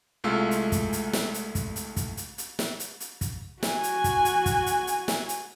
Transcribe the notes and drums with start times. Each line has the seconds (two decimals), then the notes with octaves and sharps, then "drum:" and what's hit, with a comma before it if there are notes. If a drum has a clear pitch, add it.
0.24 C2 G#3 A3 F4 E6
0.51 drum: hi-hat
0.72 drum: kick, hi-hat
0.93 drum: hi-hat
1.13 drum: snare
1.34 drum: hi-hat
1.55 drum: kick, hi-hat
1.76 drum: hi-hat
1.96 drum: kick, hi-hat
2.17 drum: hi-hat
2.38 drum: hi-hat
2.59 drum: snare
2.80 drum: hi-hat
3.00 drum: hi-hat
3.21 drum: kick, hi-hat
3.63 F#4 G#5, drum: snare
3.83 drum: hi-hat
4.04 drum: kick, hi-hat
4.25 drum: hi-hat
4.46 drum: kick, hi-hat
4.66 drum: hi-hat
4.87 drum: hi-hat
5.08 drum: snare
5.29 drum: hi-hat